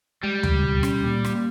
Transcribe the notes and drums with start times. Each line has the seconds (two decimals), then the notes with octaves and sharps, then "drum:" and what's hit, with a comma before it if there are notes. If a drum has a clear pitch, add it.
0.23 G3 G#3
0.43 C#2, drum: tom D2
0.63 B2
0.83 C#4, drum: rim click
1.03 A#2
1.24 A#3, drum: rim click